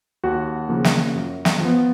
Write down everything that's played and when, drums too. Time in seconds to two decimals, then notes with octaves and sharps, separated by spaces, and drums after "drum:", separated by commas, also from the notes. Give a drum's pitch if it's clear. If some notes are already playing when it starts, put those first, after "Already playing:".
0.23 D#2 F#4 F#5
0.69 C#3 F3 A#3
0.84 drum: snare
1.15 F#2
1.45 drum: snare
1.60 F3 B3